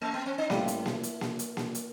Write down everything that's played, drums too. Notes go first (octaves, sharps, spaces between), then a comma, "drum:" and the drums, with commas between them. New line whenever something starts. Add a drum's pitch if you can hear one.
A3
B3
C4
D4
A1 A2 G3 E4, drum: snare A#3
drum: hi-hat
drum: snare A#3
drum: hi-hat
drum: snare A#3
drum: hi-hat
drum: snare A#3
drum: hi-hat